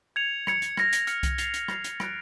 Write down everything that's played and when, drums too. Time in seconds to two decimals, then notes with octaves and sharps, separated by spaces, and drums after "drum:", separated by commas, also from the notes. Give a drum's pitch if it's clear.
0.16 G#6 C#7 F7
0.47 G#6 C#7 F7, drum: rim click
0.62 drum: hi-hat
0.77 F6 A#6 C#7, drum: rim click
0.93 drum: hi-hat
1.07 F6 A#6 C#7, drum: hi-hat
1.23 drum: kick C2, hi-hat
1.38 A6 C7 F7, drum: hi-hat
1.54 drum: hi-hat
1.68 A6 C7 F7, drum: rim click
1.84 drum: hi-hat
2.00 F#6 A#6 D7, drum: rim click